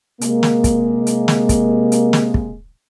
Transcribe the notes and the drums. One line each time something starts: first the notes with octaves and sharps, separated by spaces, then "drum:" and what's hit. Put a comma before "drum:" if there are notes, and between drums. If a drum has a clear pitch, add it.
C3 G#3 A#3, drum: hi-hat
drum: snare
drum: kick, hi-hat
drum: hi-hat
drum: snare
drum: kick, hi-hat
drum: hi-hat
drum: snare
drum: kick